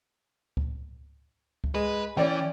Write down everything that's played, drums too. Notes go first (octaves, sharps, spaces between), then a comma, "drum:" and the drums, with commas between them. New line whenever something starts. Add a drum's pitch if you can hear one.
drum: kick C#2
drum: kick C#2
G#3 B4
E3 C#4 D5 G5